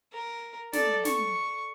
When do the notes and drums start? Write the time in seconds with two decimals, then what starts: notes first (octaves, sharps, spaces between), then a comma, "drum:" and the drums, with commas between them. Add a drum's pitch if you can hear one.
0.13 A#4
0.73 A4 D5, drum: snare
1.05 C#6, drum: snare